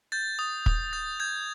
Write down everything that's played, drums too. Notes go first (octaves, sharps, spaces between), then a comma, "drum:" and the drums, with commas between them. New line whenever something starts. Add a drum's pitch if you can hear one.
G6 A6
D#6
D#6, drum: kick
G6 A6
G6 G#6